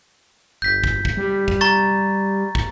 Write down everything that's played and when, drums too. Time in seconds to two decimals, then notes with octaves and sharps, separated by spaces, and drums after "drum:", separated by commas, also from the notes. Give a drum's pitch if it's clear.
0.62 G1 G6 B6
0.84 drum: kick
1.05 drum: kick
1.17 G3
1.48 drum: kick
1.61 A#5 C#6 A6
2.55 drum: kick